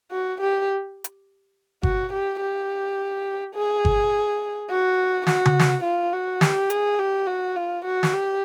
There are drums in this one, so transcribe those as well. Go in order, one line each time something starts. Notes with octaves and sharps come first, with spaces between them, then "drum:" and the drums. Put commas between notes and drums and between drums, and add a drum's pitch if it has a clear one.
F#4
G4
drum: hi-hat
F#4, drum: kick G1
G4
G4
G#4
drum: kick G1
F#4
F#4, drum: snare
drum: tom C#3
drum: snare
F4
F#4
G4, drum: snare
G#4, drum: hi-hat
G4
F#4
F4
F#4
drum: snare
G4